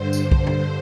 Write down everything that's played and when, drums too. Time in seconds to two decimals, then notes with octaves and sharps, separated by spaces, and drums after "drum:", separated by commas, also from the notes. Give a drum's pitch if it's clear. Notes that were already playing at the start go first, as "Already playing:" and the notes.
Already playing: G2 D3 C5
0.13 drum: tambourine
0.32 drum: kick B1
0.47 drum: tom